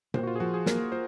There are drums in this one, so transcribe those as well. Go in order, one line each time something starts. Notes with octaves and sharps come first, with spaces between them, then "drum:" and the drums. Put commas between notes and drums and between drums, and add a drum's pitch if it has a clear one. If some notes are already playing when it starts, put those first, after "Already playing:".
A#3 C5, drum: tom A#2
F#4
F4
G#4
F3 F#4
G#4
A#3 A#4, drum: snare
F4 C5